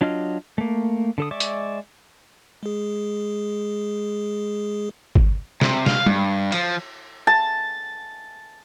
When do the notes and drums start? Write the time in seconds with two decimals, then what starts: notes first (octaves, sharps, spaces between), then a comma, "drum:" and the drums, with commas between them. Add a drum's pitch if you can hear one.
0.01 F#3 D4 F4 D#5 F6
0.58 A3 A#3
1.18 D3 A4 D#6
1.31 G#3 D5 E5 C#6 D6
1.40 drum: hi-hat
2.63 G#3 G#4
5.15 drum: kick
5.61 C3, drum: snare
5.86 F5, drum: snare
6.06 G2, drum: tom G3
6.52 F3, drum: cymbal
7.27 A5